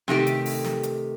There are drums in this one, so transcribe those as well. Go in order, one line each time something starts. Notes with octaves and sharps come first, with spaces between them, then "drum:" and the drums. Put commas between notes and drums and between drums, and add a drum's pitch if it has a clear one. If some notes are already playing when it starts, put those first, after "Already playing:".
C3 D#3 A3 G4, drum: snare
drum: hi-hat
drum: open hi-hat
drum: snare
drum: hi-hat